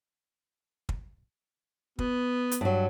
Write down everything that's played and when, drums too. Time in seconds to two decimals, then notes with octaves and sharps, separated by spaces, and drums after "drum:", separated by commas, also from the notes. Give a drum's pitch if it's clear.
0.89 drum: kick
1.99 B3, drum: kick
2.51 drum: hi-hat
2.61 G2 F#3